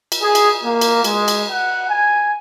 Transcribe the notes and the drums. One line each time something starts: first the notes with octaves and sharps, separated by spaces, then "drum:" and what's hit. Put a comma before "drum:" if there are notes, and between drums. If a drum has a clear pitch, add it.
drum: cymbal
G#4
drum: cymbal
A#3
drum: cymbal
G#3, drum: cymbal
drum: cymbal
F#5
G#5